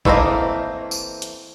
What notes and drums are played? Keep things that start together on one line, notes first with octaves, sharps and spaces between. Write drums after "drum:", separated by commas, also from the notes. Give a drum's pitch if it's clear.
E3 A3 A#3 C4 D#5, drum: kick
drum: tambourine
drum: hi-hat